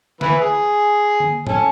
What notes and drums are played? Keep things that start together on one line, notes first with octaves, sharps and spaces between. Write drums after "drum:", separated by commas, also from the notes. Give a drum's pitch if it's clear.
E3 E4 B4, drum: snare
G#4
drum: tom D3
C#4 A4, drum: tom